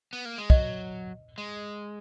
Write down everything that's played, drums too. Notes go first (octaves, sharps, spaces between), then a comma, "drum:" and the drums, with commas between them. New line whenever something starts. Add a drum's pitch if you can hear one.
B3
A#3
G#3
F#3 D#5, drum: kick
G#3